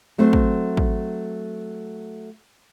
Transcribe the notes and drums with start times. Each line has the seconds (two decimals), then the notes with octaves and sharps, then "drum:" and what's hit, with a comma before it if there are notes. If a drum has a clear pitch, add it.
0.18 F#3 A3 C4 C5
0.33 drum: kick
0.77 drum: kick